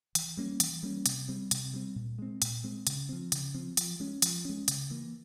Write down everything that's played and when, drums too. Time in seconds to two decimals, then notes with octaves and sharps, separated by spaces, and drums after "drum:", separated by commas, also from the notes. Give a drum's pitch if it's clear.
0.15 E3, drum: hi-hat
0.37 G3 A#3 C#4
0.60 E3, drum: hi-hat
0.83 G3 A#3 C#4
1.06 C3, drum: hi-hat
1.29 G3 C4
1.51 C3, drum: hi-hat
1.74 G3 C4
1.96 A#2
2.19 G#3 C4
2.42 A#2, drum: hi-hat
2.64 G#3 C4
2.87 C#3, drum: hi-hat
3.09 F3 C4
3.32 C#3, drum: hi-hat
3.55 F3 C4
3.77 F3, drum: hi-hat
4.00 G#3 C#4
4.22 F3, drum: hi-hat
4.45 G#3 C#4
4.68 C#3, drum: hi-hat
4.90 E3 A#3